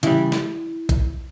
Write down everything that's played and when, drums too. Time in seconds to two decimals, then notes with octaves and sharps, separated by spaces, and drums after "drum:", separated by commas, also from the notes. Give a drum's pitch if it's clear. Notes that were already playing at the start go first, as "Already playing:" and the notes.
0.03 C#3 E3 G3 E4, drum: hi-hat
0.32 drum: snare
0.89 drum: kick, hi-hat